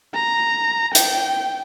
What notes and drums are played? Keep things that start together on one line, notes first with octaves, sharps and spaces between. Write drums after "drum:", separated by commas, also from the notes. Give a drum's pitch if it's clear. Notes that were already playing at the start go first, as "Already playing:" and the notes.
A#5
G5, drum: hi-hat